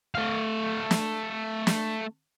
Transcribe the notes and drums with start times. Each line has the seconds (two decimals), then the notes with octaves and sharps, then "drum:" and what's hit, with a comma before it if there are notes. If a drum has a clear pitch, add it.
0.15 A3 F5
0.91 drum: snare
1.67 drum: snare